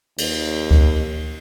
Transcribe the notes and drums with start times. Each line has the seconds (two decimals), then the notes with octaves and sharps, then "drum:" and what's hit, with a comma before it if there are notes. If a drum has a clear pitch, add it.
0.18 D#2, drum: cymbal
0.71 drum: kick D2